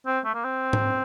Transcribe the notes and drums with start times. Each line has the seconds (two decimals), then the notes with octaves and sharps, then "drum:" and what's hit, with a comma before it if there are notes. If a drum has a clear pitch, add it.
0.06 C4
0.25 A3
0.35 A#3
0.44 C4
0.73 drum: tom G#2